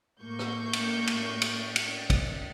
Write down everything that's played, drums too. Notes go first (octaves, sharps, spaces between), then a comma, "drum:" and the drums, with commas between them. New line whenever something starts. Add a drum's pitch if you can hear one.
A2 A#3 C#6 G6
drum: rim click
drum: cymbal
drum: cymbal
drum: cymbal
drum: cymbal
drum: kick, cymbal